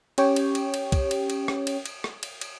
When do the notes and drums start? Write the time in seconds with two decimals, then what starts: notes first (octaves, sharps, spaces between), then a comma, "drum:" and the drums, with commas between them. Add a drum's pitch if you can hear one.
0.18 C#4 G4 C#5 G5, drum: cymbal
0.36 drum: cymbal
0.55 drum: cymbal
0.74 drum: cymbal
0.92 drum: kick, cymbal
1.11 drum: cymbal
1.30 drum: cymbal
1.48 drum: rim click
1.67 drum: cymbal
1.86 drum: cymbal
2.04 drum: rim click
2.23 drum: cymbal
2.41 drum: cymbal